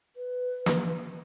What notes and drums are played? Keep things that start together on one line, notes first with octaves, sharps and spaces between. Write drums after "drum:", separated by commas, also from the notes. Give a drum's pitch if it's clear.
B4
drum: snare